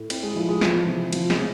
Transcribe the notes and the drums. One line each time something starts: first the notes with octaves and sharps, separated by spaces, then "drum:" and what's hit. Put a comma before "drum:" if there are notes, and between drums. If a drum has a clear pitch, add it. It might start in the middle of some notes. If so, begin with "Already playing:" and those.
Already playing: A2
C4 E4, drum: cymbal
G#3
F3 E4
G#3
E3 F3, drum: snare
C3
C3 F3, drum: cymbal
G#3, drum: snare
C3